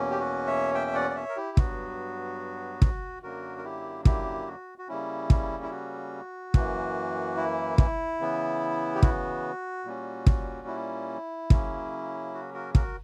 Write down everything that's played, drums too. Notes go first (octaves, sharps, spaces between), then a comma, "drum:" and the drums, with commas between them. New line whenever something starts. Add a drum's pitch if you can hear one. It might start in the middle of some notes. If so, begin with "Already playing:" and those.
Already playing: E2 B2 A#3 C#4
G4
F#4
C#5 E5
E5 G5
E5
D5 F#5
D5
C#5 E5
A#4
E4 G4
G2 F#3 B3 F#4, drum: kick
drum: kick
F#2 D3 F#3 A#3 F#4 A#4
A#4
E4 G4
E4 G4, drum: kick
F#4
F#4
C#3 G3 A#3 C#4 E4
drum: kick
E4
F#4
F#2 E3 A#3, drum: kick
E4
drum: kick
C#3 E3 B3
G4
F#4, drum: kick
A#2 G3 A#3 C#4
drum: kick
E4
C#3 F#3 A#3 C#4, drum: kick
F#4
F#4 A#4
F#4 A#4, drum: kick